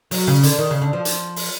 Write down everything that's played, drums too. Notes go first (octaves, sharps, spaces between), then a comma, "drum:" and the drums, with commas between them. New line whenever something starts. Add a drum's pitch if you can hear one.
F#3, drum: open hi-hat
C#3
D3, drum: hi-hat
D#3
C#3
D3
F3
drum: hi-hat
drum: open hi-hat